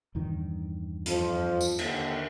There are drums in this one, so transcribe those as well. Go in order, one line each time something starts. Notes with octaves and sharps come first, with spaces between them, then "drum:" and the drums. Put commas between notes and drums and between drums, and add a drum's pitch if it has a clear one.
E2 G2 D#3
F2 F3, drum: hi-hat
drum: tambourine
D#2 D3 D#3, drum: cymbal